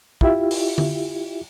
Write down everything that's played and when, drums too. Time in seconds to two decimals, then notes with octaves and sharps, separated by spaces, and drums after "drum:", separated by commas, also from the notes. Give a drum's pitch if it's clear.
0.21 E4 F4 G4 E5, drum: kick
0.51 drum: open hi-hat
0.78 drum: tom D3